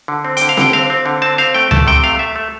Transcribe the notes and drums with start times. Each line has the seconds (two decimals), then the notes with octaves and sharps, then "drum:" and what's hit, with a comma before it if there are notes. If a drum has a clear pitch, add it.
0.08 D3
0.24 C4
0.37 D3 G5, drum: hi-hat
0.49 F5
0.57 D3 G5, drum: snare C4
0.73 C4 F5
0.90 C4
1.06 D3
1.22 C4 A5
1.38 C4 F5
1.54 A3 G5
1.71 A3 A5, drum: tom C#2
1.87 C3 G5
2.04 A3 F5
2.19 A3 E5
2.36 A3